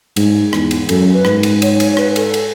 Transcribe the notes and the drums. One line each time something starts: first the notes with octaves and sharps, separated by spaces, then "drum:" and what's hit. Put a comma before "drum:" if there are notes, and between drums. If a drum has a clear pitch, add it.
G#2, drum: cymbal
E2, drum: rim click
drum: cymbal
F#2 A4, drum: cymbal
B4
G#2, drum: rim click
drum: cymbal
C#5, drum: cymbal
C#5, drum: cymbal
B4, drum: rim click
A4, drum: cymbal
drum: cymbal